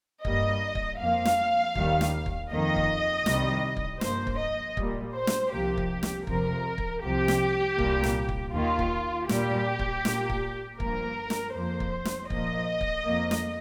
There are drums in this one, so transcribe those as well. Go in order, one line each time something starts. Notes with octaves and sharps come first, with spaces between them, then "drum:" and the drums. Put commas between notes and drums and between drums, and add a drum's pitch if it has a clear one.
G2 G3 A#3 D#5, drum: kick
drum: kick
F2 F3 A#3 F5
drum: snare
D#2 D#3 G3, drum: kick
drum: snare
drum: kick
F2 D#3 A#3 D#5
drum: kick
C2 C3 D#3 G3, drum: snare
drum: kick
G2 F3 A#3 C5, drum: snare
drum: kick
D#5
A#2 G3 A#3, drum: kick
C5
drum: snare
C2 C3 F3 A#3 G4
drum: kick
drum: snare
F2 C3 F3 A#4, drum: kick
drum: kick
C2 C3 F3 G4
drum: snare
C2 A#2 G3 A#3, drum: kick
drum: snare
drum: kick
D#2 D#3 A#3 F4
drum: kick
A#2 G3 A#3 G4, drum: snare
drum: kick
A#2 A#3, drum: snare
drum: kick
G2 F3 A#3 A#4, drum: kick
drum: snare
F2 F3 A#3 C5
drum: kick
drum: snare
A#2 F3 A#3 D#5, drum: kick
drum: kick
F2 F3 A#3
drum: snare